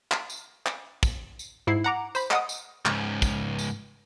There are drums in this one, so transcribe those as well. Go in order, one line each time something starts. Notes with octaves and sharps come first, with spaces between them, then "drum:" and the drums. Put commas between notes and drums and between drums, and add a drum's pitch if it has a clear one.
drum: clap
drum: tambourine
drum: clap
drum: kick, tambourine
drum: tambourine
G#2 E4 C7
F#5 A#5 D6
C5 B5, drum: tambourine
D#5 F#5 D#6, drum: clap
drum: tambourine
C#2 G#2, drum: clap
drum: kick, tambourine
drum: tambourine